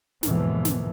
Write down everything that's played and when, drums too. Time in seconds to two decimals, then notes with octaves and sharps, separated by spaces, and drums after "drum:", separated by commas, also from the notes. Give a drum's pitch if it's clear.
0.23 D#2 G#2 B2 D3 E3 F3, drum: snare
0.65 drum: snare